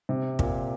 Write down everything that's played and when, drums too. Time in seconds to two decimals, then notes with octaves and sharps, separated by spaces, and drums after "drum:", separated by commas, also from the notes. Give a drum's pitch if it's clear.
0.09 C3
0.39 A#2, drum: kick